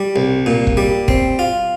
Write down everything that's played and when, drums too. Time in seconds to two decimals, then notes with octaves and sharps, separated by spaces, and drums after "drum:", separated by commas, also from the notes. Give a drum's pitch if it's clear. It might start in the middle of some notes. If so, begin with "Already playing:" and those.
Already playing: G3
0.16 C2
0.46 A#2
0.67 drum: kick
0.77 G3
1.08 C4, drum: kick
1.39 F4